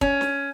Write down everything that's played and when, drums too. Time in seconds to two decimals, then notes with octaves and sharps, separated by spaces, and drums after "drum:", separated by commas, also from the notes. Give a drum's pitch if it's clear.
0.01 C#4, drum: kick
0.21 drum: snare